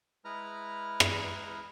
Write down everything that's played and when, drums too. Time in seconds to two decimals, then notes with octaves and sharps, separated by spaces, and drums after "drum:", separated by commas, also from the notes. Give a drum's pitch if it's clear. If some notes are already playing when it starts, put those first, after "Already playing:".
0.25 G#3 E4 B4 A#5 F6
1.00 drum: rim click